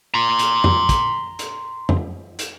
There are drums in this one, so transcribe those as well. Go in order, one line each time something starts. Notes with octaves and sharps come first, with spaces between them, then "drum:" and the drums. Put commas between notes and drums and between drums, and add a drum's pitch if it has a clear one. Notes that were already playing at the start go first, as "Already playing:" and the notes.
A#5 C6
drum: hi-hat
drum: tom F2
drum: kick, hi-hat
drum: hi-hat
drum: tom F2
drum: hi-hat